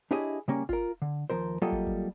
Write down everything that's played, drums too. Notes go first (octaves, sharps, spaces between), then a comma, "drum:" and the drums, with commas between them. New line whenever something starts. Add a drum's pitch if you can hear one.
D4 E4 G4 G#4 C#5 D#5
C#3 G3 A#3 C#4
F4 A#4, drum: kick
D3
D#2 F3 A#4 C5
F#3 G3 A#3 F4 A4 D#5
drum: kick
drum: kick